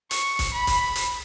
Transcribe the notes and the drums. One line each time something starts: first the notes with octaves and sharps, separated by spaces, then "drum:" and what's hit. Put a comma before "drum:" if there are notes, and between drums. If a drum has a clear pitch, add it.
C#6, drum: hi-hat
drum: kick, hi-hat
B5
drum: kick, hi-hat
drum: hi-hat